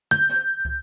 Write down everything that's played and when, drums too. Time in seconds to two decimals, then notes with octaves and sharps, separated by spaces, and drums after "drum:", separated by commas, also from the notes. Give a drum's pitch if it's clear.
0.11 G6, drum: tom
0.29 drum: snare
0.65 drum: kick